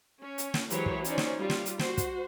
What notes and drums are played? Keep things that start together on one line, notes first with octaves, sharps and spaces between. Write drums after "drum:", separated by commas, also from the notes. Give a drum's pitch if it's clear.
C#4
drum: hi-hat
drum: snare
E3 F#3 G#3 G4 C5 C#5, drum: hi-hat
drum: kick
C#4 D#4 C5 D5, drum: hi-hat
drum: snare
G3 F4
drum: snare
drum: hi-hat
F#4 C5, drum: snare
drum: kick, hi-hat